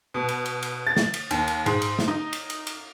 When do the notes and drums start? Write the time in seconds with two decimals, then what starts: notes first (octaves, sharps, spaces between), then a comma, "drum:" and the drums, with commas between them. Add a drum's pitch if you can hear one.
0.14 B2
0.28 drum: cymbal
0.46 drum: cymbal
0.63 drum: cymbal
0.87 A6
0.97 drum: snare
1.14 drum: cymbal
1.31 D#2, drum: cymbal
1.48 drum: cymbal
1.66 G#2, drum: cymbal
1.82 drum: cymbal
1.99 drum: snare
2.08 D#4
2.33 drum: cymbal
2.50 drum: cymbal
2.67 drum: cymbal